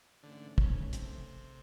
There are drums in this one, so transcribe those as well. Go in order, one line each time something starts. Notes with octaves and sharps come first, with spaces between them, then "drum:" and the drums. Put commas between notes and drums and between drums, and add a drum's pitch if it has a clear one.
G#2 D3 E3 A3 C#4
C#3, drum: kick
C3, drum: hi-hat